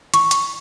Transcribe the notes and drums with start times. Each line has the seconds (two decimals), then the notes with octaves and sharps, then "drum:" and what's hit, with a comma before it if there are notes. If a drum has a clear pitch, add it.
0.14 C#6, drum: hi-hat
0.31 drum: hi-hat